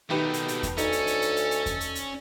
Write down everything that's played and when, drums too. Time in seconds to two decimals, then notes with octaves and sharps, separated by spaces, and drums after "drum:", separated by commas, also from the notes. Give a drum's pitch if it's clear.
0.10 B2 D#3 A3 D#4 G4 B4
0.34 drum: hi-hat
0.48 drum: hi-hat
0.63 drum: kick E2, hi-hat
0.78 D2 C#4 D#4 A4, drum: hi-hat
0.92 drum: hi-hat
1.07 drum: hi-hat
1.22 drum: hi-hat
1.36 drum: hi-hat
1.51 drum: hi-hat
1.66 drum: kick E2, hi-hat
1.81 drum: hi-hat
1.95 drum: hi-hat